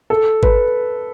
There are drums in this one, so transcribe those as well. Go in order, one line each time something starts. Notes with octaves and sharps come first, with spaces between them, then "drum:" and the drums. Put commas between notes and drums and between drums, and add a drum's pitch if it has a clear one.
A4
B4, drum: kick G#1